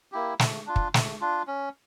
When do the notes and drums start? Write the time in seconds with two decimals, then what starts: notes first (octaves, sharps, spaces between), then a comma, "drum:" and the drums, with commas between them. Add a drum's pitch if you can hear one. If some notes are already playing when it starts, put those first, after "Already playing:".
0.12 A#3 E4 G4
0.39 A3, drum: snare
0.66 D4 F4
0.76 drum: kick
0.94 A3, drum: snare
1.21 D4 F4
1.47 C#4